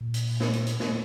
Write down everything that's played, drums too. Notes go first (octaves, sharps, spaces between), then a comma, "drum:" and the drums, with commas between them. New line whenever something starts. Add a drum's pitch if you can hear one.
A#2
drum: hi-hat
drum: open hi-hat
drum: snare
drum: hi-hat
drum: hi-hat
drum: snare